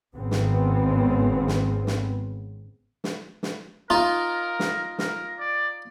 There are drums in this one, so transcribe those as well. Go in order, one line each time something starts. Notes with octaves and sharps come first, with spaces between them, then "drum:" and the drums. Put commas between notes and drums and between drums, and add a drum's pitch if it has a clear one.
G#1 C#3 B3 C4
drum: snare
drum: snare
drum: snare
drum: snare
drum: snare
D#4 F4 A#4
drum: snare
A#4, drum: snare
D5